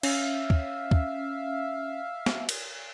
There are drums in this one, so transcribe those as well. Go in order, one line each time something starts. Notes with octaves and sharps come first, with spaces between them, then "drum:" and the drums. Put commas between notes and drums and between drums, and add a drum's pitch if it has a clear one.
C#4 E5 F5, drum: cymbal
drum: kick
drum: kick
drum: snare
drum: cymbal